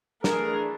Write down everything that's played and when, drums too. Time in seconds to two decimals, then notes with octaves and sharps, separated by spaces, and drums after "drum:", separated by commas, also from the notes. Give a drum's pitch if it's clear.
0.24 E3 A3 D4 G#4 A#4, drum: snare